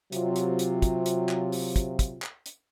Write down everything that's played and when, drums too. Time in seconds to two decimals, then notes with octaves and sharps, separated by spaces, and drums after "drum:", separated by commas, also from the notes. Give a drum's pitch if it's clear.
0.12 C3 F#3 F4, drum: hi-hat
0.36 drum: hi-hat
0.59 drum: hi-hat
0.82 drum: kick, hi-hat
1.06 drum: hi-hat
1.29 drum: clap
1.52 drum: open hi-hat
1.76 drum: kick, hi-hat
1.99 drum: kick, hi-hat
2.22 drum: clap
2.46 drum: hi-hat